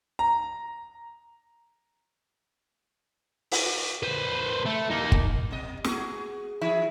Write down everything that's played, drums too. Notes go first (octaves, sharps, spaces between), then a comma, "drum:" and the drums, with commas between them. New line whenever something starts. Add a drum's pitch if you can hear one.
A#5
drum: open hi-hat
B4 C5
A3
A#3 D#4
drum: kick
B2 G3 D#5
F#4 G#4, drum: snare
E3 E4 G#4